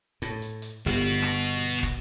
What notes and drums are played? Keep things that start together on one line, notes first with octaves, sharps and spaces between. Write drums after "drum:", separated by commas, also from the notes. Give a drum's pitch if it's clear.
A2, drum: hi-hat
drum: hi-hat
drum: hi-hat
G1 B2 F#4
drum: hi-hat
drum: rim click
drum: hi-hat
drum: kick, hi-hat